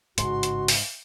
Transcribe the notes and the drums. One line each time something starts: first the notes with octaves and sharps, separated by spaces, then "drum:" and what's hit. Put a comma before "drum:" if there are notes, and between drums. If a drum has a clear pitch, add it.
A1 G#2 C#3 F#4 C6, drum: hi-hat
drum: hi-hat
drum: open hi-hat